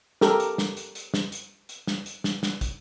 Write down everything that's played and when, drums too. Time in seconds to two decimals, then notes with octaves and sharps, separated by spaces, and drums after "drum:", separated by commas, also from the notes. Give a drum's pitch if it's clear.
0.21 G4 A4 A#4, drum: snare
0.40 drum: hi-hat
0.58 drum: snare
0.77 drum: hi-hat
0.95 drum: hi-hat
1.14 drum: snare
1.32 drum: hi-hat
1.69 drum: hi-hat
1.87 drum: snare
2.06 drum: hi-hat
2.24 drum: snare
2.43 drum: snare
2.61 drum: kick, hi-hat